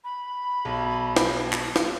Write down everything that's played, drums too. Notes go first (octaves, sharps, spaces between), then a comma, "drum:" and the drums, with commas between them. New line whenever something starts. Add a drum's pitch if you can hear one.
B5
B1
drum: snare
drum: clap
drum: snare